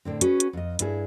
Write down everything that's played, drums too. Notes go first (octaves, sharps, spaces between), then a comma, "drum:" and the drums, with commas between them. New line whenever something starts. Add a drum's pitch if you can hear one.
A2 D3 C4
C#4 F#4 G#4 B4, drum: hi-hat
drum: hi-hat
F2 D#5
G2 E4 G#4, drum: hi-hat